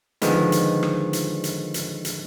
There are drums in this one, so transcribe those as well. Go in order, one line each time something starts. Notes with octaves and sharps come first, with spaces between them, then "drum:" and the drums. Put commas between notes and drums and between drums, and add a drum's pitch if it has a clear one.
D3 D#3 F3 G#3 B3, drum: hi-hat
drum: hi-hat
drum: rim click
drum: hi-hat
drum: hi-hat
drum: hi-hat
drum: hi-hat